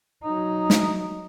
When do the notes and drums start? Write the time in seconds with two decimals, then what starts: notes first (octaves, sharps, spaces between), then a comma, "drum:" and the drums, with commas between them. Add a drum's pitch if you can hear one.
0.23 F#3 D#4
0.70 drum: snare